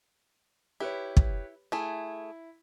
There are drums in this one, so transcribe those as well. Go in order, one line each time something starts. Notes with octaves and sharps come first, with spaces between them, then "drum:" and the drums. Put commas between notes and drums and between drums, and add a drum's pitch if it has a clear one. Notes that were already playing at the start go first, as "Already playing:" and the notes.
E4 G4 B4 C#5
drum: kick
A3 E4 G#4